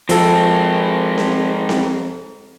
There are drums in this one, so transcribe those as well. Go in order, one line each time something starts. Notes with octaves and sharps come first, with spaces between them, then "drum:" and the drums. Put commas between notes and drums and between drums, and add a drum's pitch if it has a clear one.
F3 G#3 C4 A4 A5, drum: hi-hat
drum: snare C4
drum: snare C4